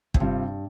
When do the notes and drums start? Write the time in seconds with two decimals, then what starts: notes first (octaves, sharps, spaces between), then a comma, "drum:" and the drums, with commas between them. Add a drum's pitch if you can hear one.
0.14 F2, drum: kick
0.20 G2 C3 G3 C4 F4